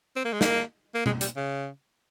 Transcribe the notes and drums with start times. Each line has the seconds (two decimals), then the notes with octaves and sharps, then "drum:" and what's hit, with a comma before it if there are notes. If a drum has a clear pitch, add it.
0.16 C4
0.25 A#3
0.33 G#3
0.41 A#3, drum: snare
0.94 A#3
1.06 G#3, drum: tom B2
1.21 G3, drum: hi-hat
1.36 C#3